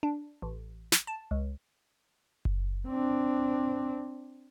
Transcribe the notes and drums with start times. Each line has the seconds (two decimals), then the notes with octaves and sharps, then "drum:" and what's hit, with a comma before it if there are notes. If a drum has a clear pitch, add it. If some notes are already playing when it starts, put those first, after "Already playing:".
0.03 D4
0.42 A1
0.92 drum: snare
1.07 A5
1.31 C#2
2.45 drum: kick F#1
2.88 C4 D4